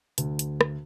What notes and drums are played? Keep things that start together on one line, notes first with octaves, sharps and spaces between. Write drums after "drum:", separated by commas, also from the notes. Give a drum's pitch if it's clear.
D2, drum: hi-hat
drum: hi-hat
drum: rim click